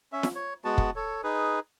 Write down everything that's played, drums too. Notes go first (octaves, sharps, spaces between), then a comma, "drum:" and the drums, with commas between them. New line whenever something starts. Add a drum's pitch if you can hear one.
C#4 E5
drum: snare
C#5
G#3 B3 F#4 A5
drum: kick
A4 C#5
D#4 G#4 B4